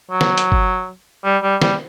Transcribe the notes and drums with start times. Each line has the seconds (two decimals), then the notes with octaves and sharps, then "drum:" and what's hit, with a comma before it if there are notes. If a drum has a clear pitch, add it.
0.11 F#3
0.21 drum: snare
0.38 drum: hi-hat
0.52 drum: kick G1
1.25 G3
1.43 G3
1.62 G3, drum: snare